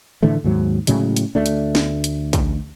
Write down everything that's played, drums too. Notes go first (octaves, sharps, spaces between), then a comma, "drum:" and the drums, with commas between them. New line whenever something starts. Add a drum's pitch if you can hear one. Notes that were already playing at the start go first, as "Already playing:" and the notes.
A2 D3 E3 A3
D#2 G#2 F#3
A2 C#3 F#3 G#3, drum: hi-hat
drum: hi-hat
D2 A3 D4
drum: hi-hat
drum: snare
drum: hi-hat
drum: kick, hi-hat